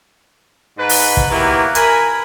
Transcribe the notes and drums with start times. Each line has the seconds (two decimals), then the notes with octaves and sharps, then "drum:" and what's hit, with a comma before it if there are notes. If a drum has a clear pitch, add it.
0.78 G#2 B4
0.89 drum: open hi-hat
1.17 drum: kick
1.30 F#3 A#3 B3 E4 G4 A#4
1.75 A#4 G#5 B5, drum: hi-hat